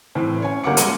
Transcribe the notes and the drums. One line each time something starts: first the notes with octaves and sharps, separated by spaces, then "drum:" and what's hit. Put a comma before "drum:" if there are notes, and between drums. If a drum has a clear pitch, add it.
A2 E3 C4
C#4 C#5 G#5
G1 A#3 C#4 F#5 D6 C#7
G#3 A#3, drum: hi-hat